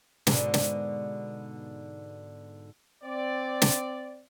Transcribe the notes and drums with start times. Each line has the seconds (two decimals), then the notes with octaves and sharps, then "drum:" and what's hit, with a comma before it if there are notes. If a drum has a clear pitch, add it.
0.27 G#2 B2 D3, drum: snare
0.54 drum: snare
3.04 C4 D5
3.62 drum: snare